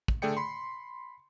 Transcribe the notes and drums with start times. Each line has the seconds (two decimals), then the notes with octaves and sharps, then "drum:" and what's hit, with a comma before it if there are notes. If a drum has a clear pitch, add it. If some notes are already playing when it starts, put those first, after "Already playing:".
0.08 drum: kick
0.22 D3 A3 G#4 D5 G5 C#7
0.37 B5 C6